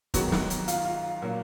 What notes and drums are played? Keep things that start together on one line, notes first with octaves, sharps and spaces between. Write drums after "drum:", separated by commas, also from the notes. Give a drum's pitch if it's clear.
G#2 D#3 F#3 B3 F#4, drum: kick, hi-hat
drum: snare
drum: hi-hat
F4, drum: hi-hat
F4
A#2 F#3 A#3